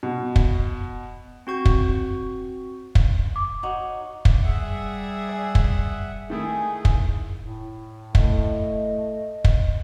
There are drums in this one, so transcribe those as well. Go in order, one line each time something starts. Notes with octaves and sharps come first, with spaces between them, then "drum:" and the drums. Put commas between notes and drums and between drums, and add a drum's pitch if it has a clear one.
B2
drum: kick
C4 F#4 C#6 G6
drum: kick
drum: kick
D6
D#4 F#4 C#5
drum: kick
G3 G#4 E5 F#5
D5 G#5
drum: kick
D#3 A3 E4 G#4
drum: kick
A2
A3 D#5, drum: kick
drum: kick